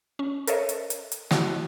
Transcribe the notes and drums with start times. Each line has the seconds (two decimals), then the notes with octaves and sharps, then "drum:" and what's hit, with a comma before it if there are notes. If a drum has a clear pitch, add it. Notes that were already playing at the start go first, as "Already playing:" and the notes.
0.19 C#4
0.47 A4 A#4 C5 C#5 D#5 E5, drum: hi-hat
0.69 drum: hi-hat
0.90 drum: hi-hat
1.12 drum: hi-hat
1.31 E4 F#4, drum: snare